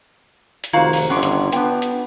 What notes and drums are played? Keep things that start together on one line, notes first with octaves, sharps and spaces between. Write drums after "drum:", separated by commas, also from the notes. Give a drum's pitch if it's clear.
drum: hi-hat
F1 D#3 F4 F#4 C5 F5 A#5
drum: open hi-hat
G1 C#4 F#5 C6 D6
drum: hi-hat
B3 D4 G5, drum: hi-hat
drum: hi-hat